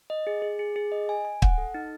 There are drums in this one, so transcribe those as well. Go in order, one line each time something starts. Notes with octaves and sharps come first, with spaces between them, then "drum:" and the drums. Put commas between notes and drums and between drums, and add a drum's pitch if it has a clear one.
D#5
G#4
G#4
G#4
G#4
D#5
G#5
G#5
F#5, drum: kick
A4
D#4